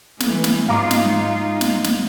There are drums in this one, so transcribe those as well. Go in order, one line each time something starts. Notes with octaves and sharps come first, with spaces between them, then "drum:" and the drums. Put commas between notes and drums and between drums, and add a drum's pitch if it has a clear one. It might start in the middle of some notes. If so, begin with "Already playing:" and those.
E3 A3, drum: snare
drum: snare
G#2 D#4 F4 F5 A#5 D6
drum: snare
drum: snare
drum: snare